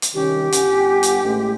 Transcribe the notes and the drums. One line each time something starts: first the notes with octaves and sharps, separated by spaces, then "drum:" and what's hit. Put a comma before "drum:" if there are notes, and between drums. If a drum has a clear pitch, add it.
drum: hi-hat
C2 D#3 C#4 G4
G1 F#5 G#5, drum: hi-hat
drum: hi-hat
A1 G#3